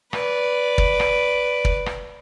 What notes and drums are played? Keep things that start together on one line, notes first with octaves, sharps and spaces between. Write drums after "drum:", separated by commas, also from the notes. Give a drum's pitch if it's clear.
B4 D5, drum: rim click
drum: kick
drum: rim click
drum: kick
drum: rim click